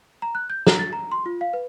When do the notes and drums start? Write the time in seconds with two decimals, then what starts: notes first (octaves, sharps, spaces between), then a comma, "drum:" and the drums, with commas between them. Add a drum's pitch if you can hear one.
0.22 A#5
0.35 F#6
0.50 G6
0.67 A#5, drum: snare
0.79 A6
0.93 A#5
1.12 C6
1.26 F4
1.41 F5
1.53 B4